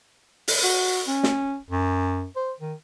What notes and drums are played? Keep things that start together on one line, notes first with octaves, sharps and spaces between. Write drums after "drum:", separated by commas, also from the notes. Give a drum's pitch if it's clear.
drum: open hi-hat
F#4
C#4
drum: snare
F#2
C5
D#3